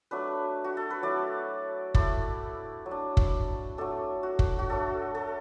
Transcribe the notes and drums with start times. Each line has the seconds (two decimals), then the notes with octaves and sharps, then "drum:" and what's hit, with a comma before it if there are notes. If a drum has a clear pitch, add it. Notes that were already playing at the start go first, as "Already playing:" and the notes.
0.11 F#3 A3 D4 B4
0.64 F#4
0.77 A4
0.90 B4
1.03 F#3 A3 E4 D5
1.94 A3 E4 D5, drum: kick
2.86 F#3
2.91 D4
3.17 drum: kick
3.78 F#3 A3 D4 A4
4.23 F#4
4.39 drum: kick
4.59 F#4
4.70 F#3 A3 D4 A4
5.15 A4